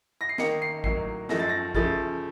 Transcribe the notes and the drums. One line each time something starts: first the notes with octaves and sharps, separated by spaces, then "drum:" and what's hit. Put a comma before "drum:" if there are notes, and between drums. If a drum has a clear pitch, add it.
A#6
C7
D#3 A#3 D#4 C#7, drum: snare
C7
A2 F#3 A#3 D#4 C7, drum: kick
F#2 F3 A3 D#4 A#6, drum: snare
A6
A#6
C#3 F3 A3 A6, drum: kick